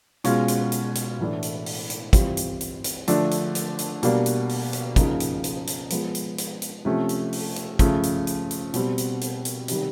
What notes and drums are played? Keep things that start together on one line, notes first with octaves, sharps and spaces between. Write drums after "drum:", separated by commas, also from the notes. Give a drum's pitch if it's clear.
B2 G#3 C#4 F4, drum: hi-hat
drum: hi-hat
drum: hi-hat
drum: hi-hat
A2 E3 A3 D4
drum: hi-hat
drum: open hi-hat
drum: hi-hat
E3 G3 C4 F4, drum: kick, hi-hat
drum: hi-hat
drum: hi-hat
drum: hi-hat
D3 F3 A3 D4, drum: hi-hat
drum: hi-hat
drum: hi-hat
drum: hi-hat
B2 G3 A#3 D4, drum: hi-hat
drum: hi-hat
drum: open hi-hat
drum: hi-hat
C#3 F3 A#3 D#4, drum: kick, hi-hat
drum: hi-hat
drum: hi-hat
drum: hi-hat
F3 G#3 B3, drum: hi-hat
drum: hi-hat
drum: hi-hat
drum: hi-hat
C3 F3 A3 C#4
drum: hi-hat
drum: open hi-hat
drum: hi-hat
C#3 F3 A3, drum: kick, hi-hat
drum: hi-hat
drum: hi-hat
drum: hi-hat
B2 G3 C4, drum: hi-hat
drum: hi-hat
drum: hi-hat
drum: hi-hat
C3 D#3 G3, drum: hi-hat